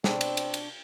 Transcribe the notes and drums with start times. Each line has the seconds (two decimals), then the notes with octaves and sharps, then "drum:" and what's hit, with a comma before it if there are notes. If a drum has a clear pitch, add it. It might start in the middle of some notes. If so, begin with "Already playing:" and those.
0.04 B2 C4 D4, drum: snare
0.21 drum: cymbal
0.37 drum: cymbal
0.54 drum: cymbal